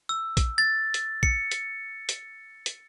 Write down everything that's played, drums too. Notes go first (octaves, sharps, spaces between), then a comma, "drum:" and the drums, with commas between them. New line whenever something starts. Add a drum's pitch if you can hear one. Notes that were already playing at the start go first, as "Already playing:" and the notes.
E6
drum: kick, hi-hat
A6
drum: hi-hat
C#7, drum: kick
drum: hi-hat
drum: hi-hat
drum: hi-hat